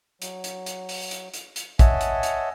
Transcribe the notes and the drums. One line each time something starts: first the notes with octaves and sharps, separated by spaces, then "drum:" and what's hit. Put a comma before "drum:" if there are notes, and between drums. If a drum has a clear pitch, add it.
F#3, drum: hi-hat
drum: hi-hat
drum: hi-hat
drum: open hi-hat
drum: hi-hat
drum: hi-hat
drum: hi-hat
C#5 D#5 E5 F#5 G#5 A5, drum: kick, hi-hat
drum: hi-hat
drum: hi-hat